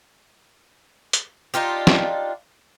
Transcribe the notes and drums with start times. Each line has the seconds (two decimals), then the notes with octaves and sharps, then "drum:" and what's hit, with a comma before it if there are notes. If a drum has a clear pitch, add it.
1.13 drum: hi-hat
1.54 D4 D#4 F4 G4
1.87 drum: snare